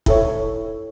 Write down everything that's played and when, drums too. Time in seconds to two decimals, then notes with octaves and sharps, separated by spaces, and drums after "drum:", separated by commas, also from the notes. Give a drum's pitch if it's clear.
0.06 E4 A4 C#5, drum: kick